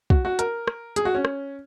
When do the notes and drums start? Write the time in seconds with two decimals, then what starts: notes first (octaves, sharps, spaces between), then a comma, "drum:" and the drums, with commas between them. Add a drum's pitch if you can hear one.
0.10 F#4, drum: kick
0.25 F#4
0.39 A#4, drum: hi-hat
0.68 drum: rim click
0.96 G#4, drum: hi-hat
1.05 F#4
1.15 C#4
1.25 drum: rim click